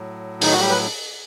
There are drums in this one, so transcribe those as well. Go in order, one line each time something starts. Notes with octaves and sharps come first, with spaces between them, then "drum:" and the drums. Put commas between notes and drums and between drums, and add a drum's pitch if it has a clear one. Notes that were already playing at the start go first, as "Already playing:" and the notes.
Already playing: A2 F#3
D#3 D#4, drum: open hi-hat
F#4
G3 G4
B4